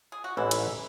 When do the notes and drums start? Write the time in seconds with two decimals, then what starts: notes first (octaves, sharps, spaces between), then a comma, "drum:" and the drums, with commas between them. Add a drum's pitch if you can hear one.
0.12 G#4
0.24 F#4
0.37 A1 G#2 E3 E4
0.51 drum: cymbal